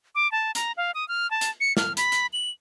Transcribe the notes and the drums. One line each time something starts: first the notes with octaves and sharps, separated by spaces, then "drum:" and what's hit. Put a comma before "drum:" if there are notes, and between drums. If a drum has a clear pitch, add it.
D6
A5
A#5, drum: hi-hat
F5
D#6
F6
A5
drum: hi-hat
C#7
F6, drum: snare
B5, drum: hi-hat
drum: hi-hat
F#7